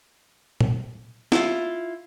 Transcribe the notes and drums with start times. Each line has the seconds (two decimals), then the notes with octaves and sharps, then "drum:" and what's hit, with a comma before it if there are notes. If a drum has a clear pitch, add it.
0.61 drum: tom A#2
1.32 E4 F4, drum: snare